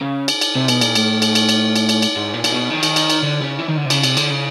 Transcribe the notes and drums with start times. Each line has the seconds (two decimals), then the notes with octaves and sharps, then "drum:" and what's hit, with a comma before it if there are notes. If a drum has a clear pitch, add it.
0.01 C#3
0.28 drum: cymbal
0.41 drum: cymbal
0.55 C3
0.68 B2, drum: cymbal
0.81 A#2, drum: cymbal
0.95 A2, drum: cymbal
1.22 drum: cymbal
1.35 drum: cymbal
1.49 drum: cymbal
1.76 drum: cymbal
1.89 drum: cymbal
2.02 drum: cymbal
2.16 G#2
2.34 A#2
2.44 A#2, drum: cymbal
2.52 B2
2.70 D#3
2.83 drum: cymbal
2.96 drum: cymbal
3.10 drum: cymbal
3.23 D3
3.41 C#3
3.59 E3
3.69 D#3
3.77 D3
3.85 C3
3.90 C#3, drum: cymbal
4.04 C3, drum: cymbal
4.17 D3, drum: cymbal
4.30 C#3